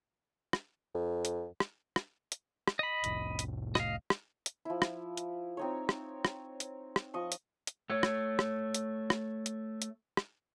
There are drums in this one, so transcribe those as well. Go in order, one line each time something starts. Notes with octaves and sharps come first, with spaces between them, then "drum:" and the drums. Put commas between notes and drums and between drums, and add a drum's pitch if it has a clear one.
drum: rim click
F2
drum: hi-hat
drum: rim click
drum: rim click
drum: hi-hat
drum: rim click
D#5 B5
F1 C2 A2, drum: hi-hat
drum: hi-hat
D#5 F5, drum: rim click
drum: rim click
drum: hi-hat
F3 E4
drum: rim click
drum: hi-hat
C4 D#4 C#5
drum: rim click
drum: rim click
drum: hi-hat
drum: rim click
F3 D#5 C#6
drum: hi-hat
drum: hi-hat
A3 C#5
drum: rim click
drum: rim click
drum: hi-hat
drum: rim click
drum: hi-hat
drum: hi-hat
drum: rim click